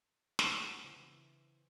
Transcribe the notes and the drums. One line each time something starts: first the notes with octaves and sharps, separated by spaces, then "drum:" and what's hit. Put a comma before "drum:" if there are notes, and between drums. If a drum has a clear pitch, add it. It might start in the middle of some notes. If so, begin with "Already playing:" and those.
drum: snare
C4 F#4 G#5
C#3 E3 B3 D4 E4 C5